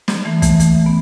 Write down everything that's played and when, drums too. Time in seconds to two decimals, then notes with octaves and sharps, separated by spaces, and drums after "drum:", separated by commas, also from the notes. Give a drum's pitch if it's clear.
0.08 drum: snare
0.25 E3 A3
0.42 E3 A3, drum: kick, hi-hat
0.60 E3 A3, drum: hi-hat
0.86 B3